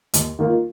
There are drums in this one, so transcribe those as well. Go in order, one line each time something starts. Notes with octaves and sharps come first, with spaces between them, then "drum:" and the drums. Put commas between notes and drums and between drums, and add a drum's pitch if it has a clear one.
D#2, drum: hi-hat
D#3 A#3 F4